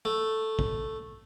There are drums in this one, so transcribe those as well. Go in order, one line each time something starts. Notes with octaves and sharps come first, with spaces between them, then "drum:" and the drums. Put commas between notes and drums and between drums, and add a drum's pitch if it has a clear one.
A3
drum: kick